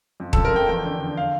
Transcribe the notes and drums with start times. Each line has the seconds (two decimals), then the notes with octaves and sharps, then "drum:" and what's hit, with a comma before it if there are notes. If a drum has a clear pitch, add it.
0.20 F2
0.33 F2 A4, drum: kick D#1
0.45 A#4
0.53 F2 G5
0.69 E2 G5
0.85 D3
1.00 D3
1.17 F5